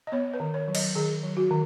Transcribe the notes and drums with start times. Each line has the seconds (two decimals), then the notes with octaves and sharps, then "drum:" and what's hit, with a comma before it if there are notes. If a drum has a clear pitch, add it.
0.07 D#5
0.12 B3 C#5
0.34 B4
0.40 D#3
0.54 C#5
0.68 F#3
0.75 D#5, drum: cymbal
0.95 D#3 G#4
1.23 F#3
1.37 F#4
1.50 D#3